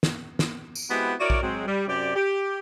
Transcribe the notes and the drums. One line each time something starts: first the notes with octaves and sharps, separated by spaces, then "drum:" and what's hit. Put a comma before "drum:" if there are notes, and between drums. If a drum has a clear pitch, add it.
drum: snare
drum: snare
drum: tambourine
G#3 B3 C4 E4 F#4 G4
E4 F#4 A#4 C#5 D5
drum: kick A#1
F#3 G#3 C4
G3
F#2 C3 G4 D5
G4